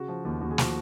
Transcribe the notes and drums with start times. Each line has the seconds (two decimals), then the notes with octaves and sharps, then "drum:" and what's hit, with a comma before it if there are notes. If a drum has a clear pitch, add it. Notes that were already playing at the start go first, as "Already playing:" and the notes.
Already playing: C#3 F#4
0.08 F3
0.25 D#2
0.41 D#2 F#4
0.51 G#4
0.58 F3 F#4, drum: snare